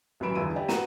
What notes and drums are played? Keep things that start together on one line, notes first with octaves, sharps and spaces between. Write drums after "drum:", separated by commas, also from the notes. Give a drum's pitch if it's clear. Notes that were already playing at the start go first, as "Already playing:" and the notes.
A1 F#2 E3 B5 D7 E7
G1 E2 E3 E6 D#7
E4 G4 D5 D#5
B3 F#4 A#5 D#7 E7, drum: snare